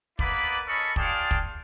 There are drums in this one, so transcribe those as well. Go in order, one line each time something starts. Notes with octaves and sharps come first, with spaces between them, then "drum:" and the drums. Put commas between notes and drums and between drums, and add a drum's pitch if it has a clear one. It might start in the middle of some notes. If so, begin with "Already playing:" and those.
A#3 B3 E4 B4 D5 B5, drum: kick
C#4 A4 A#4 D#5 B5 C#6
F4 G#4 D5 F5 G5 A5, drum: kick
drum: kick